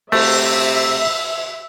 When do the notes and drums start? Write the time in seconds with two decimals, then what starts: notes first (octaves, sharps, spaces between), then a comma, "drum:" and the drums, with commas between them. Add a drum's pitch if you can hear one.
0.12 C3 A3 E5, drum: cymbal